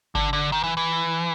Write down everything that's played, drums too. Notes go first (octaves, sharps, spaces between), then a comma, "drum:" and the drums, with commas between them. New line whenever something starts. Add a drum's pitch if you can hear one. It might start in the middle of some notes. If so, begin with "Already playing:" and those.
D3, drum: kick G1
D3
D#3
E3
E3